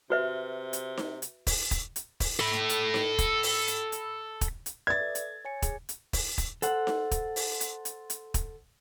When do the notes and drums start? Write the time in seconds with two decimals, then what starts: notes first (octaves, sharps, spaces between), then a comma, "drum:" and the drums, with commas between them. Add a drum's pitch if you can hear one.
0.10 C3 F#4 B4 E5
0.73 drum: hi-hat
0.97 drum: snare D#4
1.22 drum: hi-hat
1.47 drum: kick, open hi-hat
1.71 drum: kick, hi-hat
1.96 drum: hi-hat
2.20 drum: kick, open hi-hat
2.39 A4 B5
2.69 drum: hi-hat
2.94 drum: snare D#4
3.18 drum: kick, hi-hat
3.43 drum: open hi-hat
3.68 drum: hi-hat
3.92 drum: hi-hat
4.41 drum: kick, hi-hat
4.66 drum: hi-hat
4.87 B4 D5 E5 G#6 A6
5.01 A4
5.15 drum: hi-hat
5.45 C#5 G#5 C#7
5.62 G#4, drum: kick, hi-hat
5.89 drum: hi-hat
6.13 drum: kick, open hi-hat
6.38 drum: kick, hi-hat
6.62 A4 C5 F#5, drum: hi-hat
6.87 drum: snare D#4
7.11 drum: kick, hi-hat
7.36 drum: open hi-hat
7.61 drum: hi-hat
7.85 drum: hi-hat
8.10 drum: hi-hat
8.34 drum: kick, hi-hat